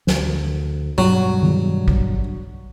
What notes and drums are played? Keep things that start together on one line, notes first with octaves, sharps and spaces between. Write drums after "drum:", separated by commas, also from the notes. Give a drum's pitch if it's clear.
D2, drum: snare
G2 B2 F#3 G3
drum: tom D#3
drum: kick A1